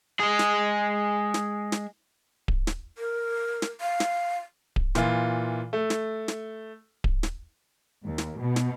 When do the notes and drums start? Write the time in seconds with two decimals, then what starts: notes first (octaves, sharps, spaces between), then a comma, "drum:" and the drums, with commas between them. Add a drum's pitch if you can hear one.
0.20 G#3 G#4
0.39 drum: snare
1.34 drum: snare
1.72 drum: snare
2.48 drum: kick D1
2.67 drum: snare
2.98 A#4
3.62 drum: snare
3.81 F5
4.00 drum: snare
4.76 drum: kick D1
4.95 A#2 E3 F4, drum: snare
5.73 A3
5.90 drum: snare
6.28 drum: snare
7.04 drum: kick D1
7.23 drum: snare
8.04 D#2
8.18 drum: snare
8.40 B2
8.56 drum: snare